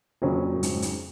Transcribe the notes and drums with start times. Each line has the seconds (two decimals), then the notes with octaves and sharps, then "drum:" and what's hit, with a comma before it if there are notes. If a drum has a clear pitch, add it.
0.22 F2 A#2 C#3 F#3 C#4
0.56 F#2
0.63 G#2, drum: hi-hat
0.82 drum: hi-hat